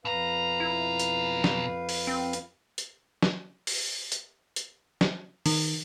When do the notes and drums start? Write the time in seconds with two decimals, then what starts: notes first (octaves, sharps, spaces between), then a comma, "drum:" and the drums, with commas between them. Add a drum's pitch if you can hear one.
0.05 F2 B2 B4 F5 A#5
0.60 E4
0.99 drum: hi-hat
1.44 drum: snare
1.89 drum: open hi-hat
2.07 C4
2.33 drum: hi-hat
2.78 drum: hi-hat
3.23 drum: snare
3.67 drum: open hi-hat
4.12 drum: hi-hat
4.56 drum: hi-hat
5.01 drum: snare
5.46 D#3, drum: open hi-hat